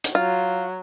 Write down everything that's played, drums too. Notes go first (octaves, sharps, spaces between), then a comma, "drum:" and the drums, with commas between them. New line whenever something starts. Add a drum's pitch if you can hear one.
drum: hi-hat
F#3 F4